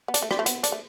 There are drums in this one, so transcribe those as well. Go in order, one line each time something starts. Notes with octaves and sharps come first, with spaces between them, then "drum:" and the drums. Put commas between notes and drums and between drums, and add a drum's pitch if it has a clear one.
B3
D4, drum: hi-hat
A3
G3, drum: rim click
A3
B3, drum: hi-hat
D4, drum: hi-hat
A3